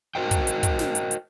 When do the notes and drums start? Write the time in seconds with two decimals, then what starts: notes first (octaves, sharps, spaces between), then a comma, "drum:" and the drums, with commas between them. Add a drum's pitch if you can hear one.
0.15 F#4 A#4 C5 D#5 G5
0.31 drum: kick, hi-hat
0.47 drum: hi-hat
0.63 drum: kick, hi-hat
0.79 drum: snare
0.95 drum: hi-hat
1.11 drum: hi-hat